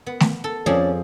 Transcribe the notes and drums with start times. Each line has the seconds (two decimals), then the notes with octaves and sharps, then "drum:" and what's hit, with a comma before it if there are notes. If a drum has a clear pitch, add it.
0.06 B3
0.20 drum: snare A3
0.44 A4
0.66 F2 F3 C#4 G#4 D5